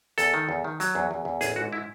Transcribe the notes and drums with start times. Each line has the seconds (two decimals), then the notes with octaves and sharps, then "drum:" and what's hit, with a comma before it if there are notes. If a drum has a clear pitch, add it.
0.18 E2 A4, drum: hi-hat
0.34 D#3
0.49 E2
0.64 D#3
0.80 F#3, drum: hi-hat
0.95 E2
1.11 E2
1.25 E2
1.41 A1 G#4, drum: hi-hat
1.56 G#2 F#4
1.73 E4